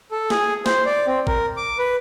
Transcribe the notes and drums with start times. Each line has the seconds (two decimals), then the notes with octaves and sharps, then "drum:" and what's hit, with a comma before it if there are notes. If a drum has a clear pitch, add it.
0.11 A4
0.30 G#4, drum: snare
0.66 C5, drum: snare
0.86 D5
1.07 C4
1.27 A#4, drum: kick G#1
1.57 D6
1.79 B4